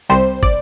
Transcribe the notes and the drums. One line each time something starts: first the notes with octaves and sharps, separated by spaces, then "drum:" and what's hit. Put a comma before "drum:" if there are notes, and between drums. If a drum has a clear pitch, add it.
C2 C3 G3 C5
D5, drum: kick